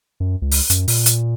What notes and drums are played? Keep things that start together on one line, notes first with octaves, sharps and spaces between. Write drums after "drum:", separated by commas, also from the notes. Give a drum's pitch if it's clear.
F#2
C#2
drum: open hi-hat
F#2, drum: hi-hat
A#2, drum: open hi-hat
drum: hi-hat